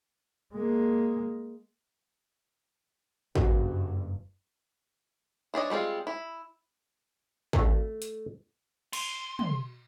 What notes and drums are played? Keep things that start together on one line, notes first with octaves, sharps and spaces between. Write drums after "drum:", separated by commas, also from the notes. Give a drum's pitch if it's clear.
G#3 A#3
F#1 G2 F#4, drum: kick
E3 D4 C#5 D#5
G3 G#3 C4 F4
E4
A3, drum: kick
drum: hi-hat
C6, drum: cymbal
drum: tom